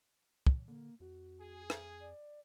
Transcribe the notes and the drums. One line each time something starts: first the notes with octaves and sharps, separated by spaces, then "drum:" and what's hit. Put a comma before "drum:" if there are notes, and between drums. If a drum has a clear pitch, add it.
drum: kick
D3 A#3
F2 F#4
G#4
drum: rim click
D5